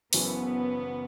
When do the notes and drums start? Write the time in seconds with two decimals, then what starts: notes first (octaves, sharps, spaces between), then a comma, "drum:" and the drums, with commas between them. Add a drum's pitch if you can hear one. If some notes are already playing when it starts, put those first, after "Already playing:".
0.13 F#1 F#2 C#3 E3 B3, drum: open hi-hat